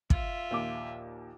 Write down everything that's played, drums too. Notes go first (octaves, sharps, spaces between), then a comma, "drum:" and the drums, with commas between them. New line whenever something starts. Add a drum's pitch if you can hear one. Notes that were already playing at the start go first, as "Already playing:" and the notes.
F4 E5, drum: kick
A#1 D#2 D6